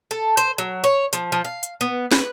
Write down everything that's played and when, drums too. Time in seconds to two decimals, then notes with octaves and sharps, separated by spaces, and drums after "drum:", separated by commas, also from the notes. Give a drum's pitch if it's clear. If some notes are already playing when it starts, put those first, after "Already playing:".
0.11 A4
0.37 C5, drum: hi-hat
0.58 F#3
0.84 C#5
1.13 F3, drum: hi-hat
1.32 F3
1.45 F5
1.63 drum: hi-hat
1.81 B3
2.11 B4, drum: snare